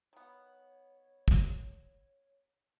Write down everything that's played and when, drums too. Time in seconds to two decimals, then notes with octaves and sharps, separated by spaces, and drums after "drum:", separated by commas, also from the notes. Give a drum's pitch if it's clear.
0.13 D#3 B3 C#5
1.28 drum: kick